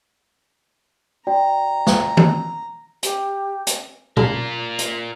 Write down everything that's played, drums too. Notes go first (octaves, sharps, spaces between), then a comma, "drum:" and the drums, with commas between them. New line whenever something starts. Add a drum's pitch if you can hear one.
F#4 D5 G5 A#5
drum: snare
drum: tom D#3
G4, drum: hi-hat
drum: hi-hat
F4 A#4, drum: tom
drum: hi-hat